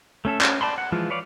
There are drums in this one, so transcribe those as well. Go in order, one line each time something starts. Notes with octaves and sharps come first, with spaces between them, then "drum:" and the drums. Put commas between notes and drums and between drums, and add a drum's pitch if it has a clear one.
A3 C#4 A4 E5
C#4, drum: clap
D5 A5 B5 C6
F#5
E3 F3 G#3 F4
B4 C#5 D5 F5